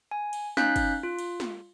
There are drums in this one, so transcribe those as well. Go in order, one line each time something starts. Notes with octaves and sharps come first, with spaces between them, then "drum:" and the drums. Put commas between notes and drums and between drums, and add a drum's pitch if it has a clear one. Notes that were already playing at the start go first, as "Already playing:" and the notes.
G#5
drum: cymbal
C#4 D#4 F5 F#6 G6 B6, drum: snare
drum: kick G1, cymbal
F4
drum: cymbal
drum: snare